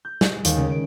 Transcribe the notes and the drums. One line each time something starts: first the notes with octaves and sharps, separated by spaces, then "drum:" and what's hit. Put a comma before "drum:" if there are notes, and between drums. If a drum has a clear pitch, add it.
G6
G#3, drum: snare
D#2, drum: hi-hat
C#3
D7